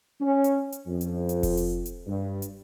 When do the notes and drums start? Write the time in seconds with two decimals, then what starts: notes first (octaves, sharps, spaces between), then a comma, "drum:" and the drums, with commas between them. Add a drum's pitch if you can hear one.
0.21 C#4
0.44 drum: hi-hat
0.72 drum: hi-hat
0.87 F2
1.01 drum: hi-hat
1.29 drum: hi-hat
1.43 drum: kick F1, open hi-hat
1.57 drum: hi-hat
1.86 drum: hi-hat
2.07 G2
2.42 drum: hi-hat